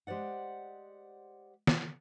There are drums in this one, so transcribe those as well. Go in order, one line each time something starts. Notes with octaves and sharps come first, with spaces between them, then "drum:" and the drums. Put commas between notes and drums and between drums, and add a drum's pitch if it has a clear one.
G#3 G4 C5 D5 F#5
drum: snare